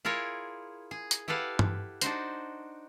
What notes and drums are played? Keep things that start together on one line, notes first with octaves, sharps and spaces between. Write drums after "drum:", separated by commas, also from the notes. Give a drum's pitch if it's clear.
E4 F4 G#4 A#4 C#5
G#4
drum: hi-hat
E4 G4 A4 B4 F5 F#5
drum: tom G2
D4 D#4 F#4 C5, drum: hi-hat